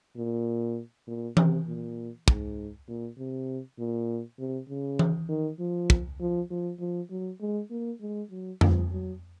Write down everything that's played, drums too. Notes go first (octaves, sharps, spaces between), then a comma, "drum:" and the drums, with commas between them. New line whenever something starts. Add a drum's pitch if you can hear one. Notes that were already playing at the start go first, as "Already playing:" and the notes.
A#2
A#2
C3, drum: tom E3
A#2
G#2, drum: kick
A#2
C3
A#2
C3
C#3
drum: tom E3
D#3
F3
drum: kick
F3
F3
F3
F#3
G#3
A#3
G#3
F#3
F3, drum: tom F2
F#3